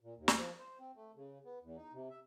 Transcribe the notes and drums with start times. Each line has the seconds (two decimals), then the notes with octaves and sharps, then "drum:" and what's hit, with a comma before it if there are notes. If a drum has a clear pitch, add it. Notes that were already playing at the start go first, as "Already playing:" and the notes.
0.01 A#2
0.17 D#2
0.28 drum: snare
0.37 F3
0.59 C5
0.80 C4
0.96 A3
1.16 C#3
1.45 B3
1.62 E2
1.77 D#4
1.93 C3
2.10 E5